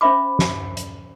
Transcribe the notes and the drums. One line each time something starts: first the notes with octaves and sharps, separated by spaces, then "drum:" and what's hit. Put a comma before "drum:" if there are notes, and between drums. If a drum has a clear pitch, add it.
C#4 C5 E5 B5 D6
drum: snare
drum: hi-hat